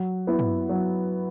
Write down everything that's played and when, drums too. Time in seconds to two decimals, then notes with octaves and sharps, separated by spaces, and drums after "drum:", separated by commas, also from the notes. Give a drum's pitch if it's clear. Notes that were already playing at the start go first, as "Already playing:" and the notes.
Already playing: F#3
0.27 B3 E4
0.39 drum: tom
0.69 F#3